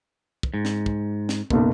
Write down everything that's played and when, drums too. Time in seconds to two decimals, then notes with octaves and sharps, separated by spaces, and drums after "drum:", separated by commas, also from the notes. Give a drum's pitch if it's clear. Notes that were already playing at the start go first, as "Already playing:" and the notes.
0.43 drum: kick
0.54 G#2
0.65 drum: snare
0.86 drum: kick
1.29 drum: snare
1.50 F#1 B1, drum: kick